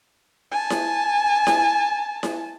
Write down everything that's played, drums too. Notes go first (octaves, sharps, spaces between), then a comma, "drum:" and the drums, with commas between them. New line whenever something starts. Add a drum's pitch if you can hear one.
G#5 A5
drum: snare E4
drum: snare E4
drum: snare E4